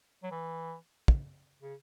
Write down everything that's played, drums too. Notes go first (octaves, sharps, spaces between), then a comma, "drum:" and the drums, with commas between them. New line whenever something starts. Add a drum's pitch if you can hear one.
F#3
E3
drum: kick
C#3